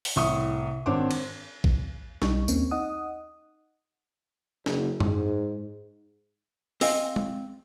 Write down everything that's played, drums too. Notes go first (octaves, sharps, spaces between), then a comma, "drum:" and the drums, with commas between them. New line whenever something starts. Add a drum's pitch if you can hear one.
drum: open hi-hat
C2 A2 E5 C#6 D#6
G#1 C4 D4 C#5 F#5 D6
drum: cymbal
drum: kick A1
B1 G3 D#4 C#6, drum: snare
D#2 A#3 C4 C#4, drum: tambourine
D#4 D#5 F#5 D#6
F#1, drum: snare
G#2, drum: tom F#2
C4 D#5 F5 G#5, drum: open hi-hat
drum: tom G#3